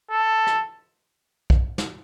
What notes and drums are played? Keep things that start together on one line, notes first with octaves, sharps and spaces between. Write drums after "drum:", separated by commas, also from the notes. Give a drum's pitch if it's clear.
A4
drum: rim click
drum: kick B1
drum: snare